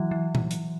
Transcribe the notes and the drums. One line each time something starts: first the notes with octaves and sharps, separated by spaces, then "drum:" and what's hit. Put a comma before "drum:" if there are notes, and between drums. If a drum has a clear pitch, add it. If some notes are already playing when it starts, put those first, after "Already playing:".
Already playing: E3 F#3
E3
drum: tom A#2
drum: hi-hat